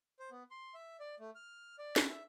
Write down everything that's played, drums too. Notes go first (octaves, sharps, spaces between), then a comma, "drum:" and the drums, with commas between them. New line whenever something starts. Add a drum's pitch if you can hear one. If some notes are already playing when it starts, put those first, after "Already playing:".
C5
B3
C6
E5
D5
A3
F6
D5
drum: snare
E5